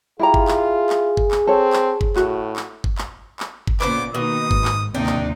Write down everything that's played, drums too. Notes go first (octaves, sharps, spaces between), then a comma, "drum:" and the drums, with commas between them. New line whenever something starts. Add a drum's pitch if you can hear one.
E4 F4 G4 G#4 A#5
drum: kick G1
drum: clap
drum: clap
drum: kick G1
drum: clap
C4 A4 C#5
drum: clap
drum: kick G1
A2 F#4, drum: clap
drum: clap
drum: kick G1
drum: clap
drum: clap
drum: kick G1
A#2 C#3 B3 C5 D6, drum: clap
B2 D#3 A#3 D#4 D#6
G#2, drum: kick G1
drum: clap
D1 D#2 C3 A#3 C4 D4 D#4 G5
drum: clap